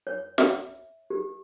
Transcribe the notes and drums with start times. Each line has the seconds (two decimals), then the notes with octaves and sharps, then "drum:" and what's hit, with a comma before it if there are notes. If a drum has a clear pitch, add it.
0.07 C#5
0.38 E5, drum: snare
1.10 G4